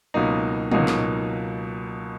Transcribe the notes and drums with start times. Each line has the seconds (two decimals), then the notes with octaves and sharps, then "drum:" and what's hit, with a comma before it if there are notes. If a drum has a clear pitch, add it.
0.14 C#2 B2 F#3 A#3 D#4
0.71 C#2 B2 F#3 A#3 D#4, drum: tom
0.88 drum: snare